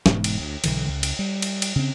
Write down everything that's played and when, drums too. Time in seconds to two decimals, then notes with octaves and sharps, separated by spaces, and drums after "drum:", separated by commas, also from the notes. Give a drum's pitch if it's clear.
0.06 E1 G#2, drum: snare
0.24 drum: cymbal
0.39 D2
0.64 B1 D3 E3, drum: cymbal
0.88 C#2
1.03 drum: cymbal
1.19 G3
1.42 drum: cymbal
1.62 drum: cymbal
1.76 C#3 C4